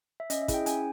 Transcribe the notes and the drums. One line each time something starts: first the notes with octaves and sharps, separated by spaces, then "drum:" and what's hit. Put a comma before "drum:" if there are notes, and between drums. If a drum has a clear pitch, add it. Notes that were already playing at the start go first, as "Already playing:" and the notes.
E5
C#4 D#5, drum: hi-hat
E5
E4 G#4, drum: kick, hi-hat
G5
C#4 G#5, drum: hi-hat